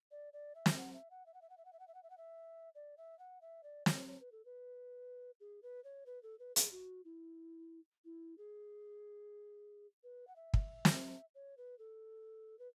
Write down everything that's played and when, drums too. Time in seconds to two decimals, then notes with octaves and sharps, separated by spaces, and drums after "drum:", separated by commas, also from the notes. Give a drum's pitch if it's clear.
0.11 D5
0.33 D5
0.55 E5
0.66 drum: snare
0.77 F#5
0.93 E5
1.10 F#5
1.26 E5
1.34 F#5
1.41 E5
1.49 F#5
1.57 E5
1.65 F#5
1.73 E5
1.79 F#5
1.87 E5
1.94 F#5
2.03 E5
2.10 F#5
2.17 E5
2.75 D5
2.97 E5
3.19 F#5
3.41 E5
3.63 D5
3.86 C#5, drum: snare
4.07 C#5
4.20 B4
4.32 A4
4.45 B4
5.40 G#4
5.62 B4
5.84 C#5
6.06 B4
6.23 A4
6.39 B4
6.56 G#4, drum: hi-hat
6.72 F#4
7.05 E4
8.05 E4
8.38 G#4
10.03 B4
10.27 F#5
10.36 E5
10.54 drum: kick
10.85 drum: snare
11.35 C#5
11.57 B4
11.79 A4
12.59 B4